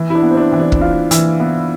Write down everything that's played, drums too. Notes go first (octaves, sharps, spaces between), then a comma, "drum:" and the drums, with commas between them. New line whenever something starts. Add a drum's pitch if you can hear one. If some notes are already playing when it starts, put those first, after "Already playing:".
Already playing: E3
E4
D4
B3
C4
D4
E3
D4
drum: kick
F4
E3, drum: hi-hat
B3